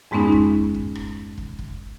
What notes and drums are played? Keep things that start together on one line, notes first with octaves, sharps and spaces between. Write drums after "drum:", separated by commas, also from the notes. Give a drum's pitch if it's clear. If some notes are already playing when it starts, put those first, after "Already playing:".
F2 G#2 G#3 B3 C#4 D#4
drum: kick
drum: kick
drum: rim click
drum: kick
drum: kick